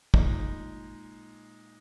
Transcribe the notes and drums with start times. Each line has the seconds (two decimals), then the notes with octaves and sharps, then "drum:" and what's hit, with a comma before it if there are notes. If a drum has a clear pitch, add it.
0.14 A#2 G#3 D#4, drum: kick